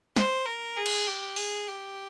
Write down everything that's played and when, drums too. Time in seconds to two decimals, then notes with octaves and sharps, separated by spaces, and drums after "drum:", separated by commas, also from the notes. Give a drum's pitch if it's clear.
0.16 C5, drum: snare
0.46 A#4
0.77 G#4
0.86 drum: cymbal
1.07 G4
1.36 G#4, drum: open hi-hat
1.67 G4